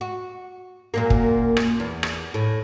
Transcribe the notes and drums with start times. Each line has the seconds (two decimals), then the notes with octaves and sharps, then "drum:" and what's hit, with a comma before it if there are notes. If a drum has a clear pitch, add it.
0.01 F#4
0.94 F#2 A#2 A#3
1.10 drum: kick
1.57 drum: rim click
1.80 E2
2.03 drum: rim click
2.34 A2